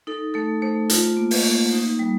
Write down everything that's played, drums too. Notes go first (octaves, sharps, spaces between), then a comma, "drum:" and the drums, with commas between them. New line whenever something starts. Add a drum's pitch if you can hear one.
D#4 A4
A3 A4
A3 C5
F4, drum: hi-hat
A#3
drum: open hi-hat
A#3
D#4
G3